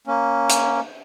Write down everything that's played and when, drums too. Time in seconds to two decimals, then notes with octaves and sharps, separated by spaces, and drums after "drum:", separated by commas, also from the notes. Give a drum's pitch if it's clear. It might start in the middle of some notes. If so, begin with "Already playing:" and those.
0.07 A#3 C#4
0.50 drum: hi-hat